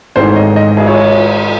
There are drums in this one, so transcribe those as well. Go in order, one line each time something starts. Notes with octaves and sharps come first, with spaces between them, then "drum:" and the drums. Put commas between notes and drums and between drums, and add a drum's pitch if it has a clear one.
G#1 G#2 E3 A3 C5
C#5
D#5
D#5
G#4, drum: cymbal
C#5